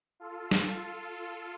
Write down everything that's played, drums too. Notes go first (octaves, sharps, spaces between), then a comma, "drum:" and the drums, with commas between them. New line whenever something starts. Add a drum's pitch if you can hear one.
F4 A4
drum: snare